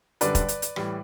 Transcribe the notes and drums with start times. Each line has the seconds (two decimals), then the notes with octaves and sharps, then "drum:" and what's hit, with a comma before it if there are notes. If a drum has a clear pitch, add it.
0.21 F#2 D3 G3 B4 D5, drum: hi-hat
0.35 drum: kick E1, hi-hat
0.48 drum: hi-hat
0.62 drum: hi-hat
0.76 A2 E3 G3, drum: rim click